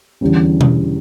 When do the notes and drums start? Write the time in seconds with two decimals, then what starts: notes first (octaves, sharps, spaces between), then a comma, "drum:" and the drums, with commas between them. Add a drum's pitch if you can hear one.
0.21 E2 D3 G3 C#4
0.61 drum: tom B2